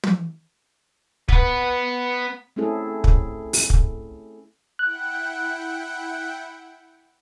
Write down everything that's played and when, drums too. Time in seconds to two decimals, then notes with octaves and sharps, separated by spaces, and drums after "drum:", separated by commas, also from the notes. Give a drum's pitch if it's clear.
0.04 drum: tom
1.29 B3 B4, drum: kick
2.56 A3 C4 C#4 E4 G#4 A4
3.04 drum: kick
3.53 drum: open hi-hat
3.70 drum: kick
4.79 E4 F#5 G5 F#6